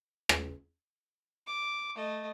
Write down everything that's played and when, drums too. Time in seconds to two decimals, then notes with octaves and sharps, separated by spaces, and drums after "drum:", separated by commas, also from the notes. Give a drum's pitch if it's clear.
0.29 drum: rim click
1.47 D6
1.95 A3 D#5